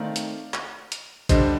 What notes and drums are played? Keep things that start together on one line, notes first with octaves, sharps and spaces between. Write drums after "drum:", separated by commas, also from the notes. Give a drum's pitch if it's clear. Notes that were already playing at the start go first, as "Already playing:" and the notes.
Already playing: D#3 A3 C4 D#4 D5 F5
drum: hi-hat
drum: clap
drum: hi-hat
D3 G3 D4 C5 D#5, drum: kick, hi-hat